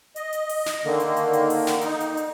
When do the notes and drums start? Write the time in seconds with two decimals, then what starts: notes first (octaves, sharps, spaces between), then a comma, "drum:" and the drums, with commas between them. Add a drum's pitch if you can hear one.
0.16 D#5, drum: hi-hat
0.33 drum: hi-hat
0.49 drum: open hi-hat
0.66 drum: snare
0.85 D3 D#3 A#3
1.00 drum: hi-hat
1.17 drum: hi-hat
1.33 drum: hi-hat
1.50 drum: open hi-hat
1.67 drum: snare
1.81 D#4, drum: hi-hat
2.00 drum: hi-hat
2.17 drum: hi-hat